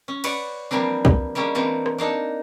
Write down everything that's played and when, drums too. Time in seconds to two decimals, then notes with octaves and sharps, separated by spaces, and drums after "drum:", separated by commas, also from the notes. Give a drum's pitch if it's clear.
0.08 C#4
0.24 B4 C#5 D5 F#5, drum: cymbal
0.71 E3 F3 G3 A#3 C4 D4
1.05 drum: kick C2
1.35 G3 G#3 A#3 C#4 D4
1.55 E3 A3 A#3 C4 D4
1.86 drum: rim click
1.98 A#3 D4 D#4 A4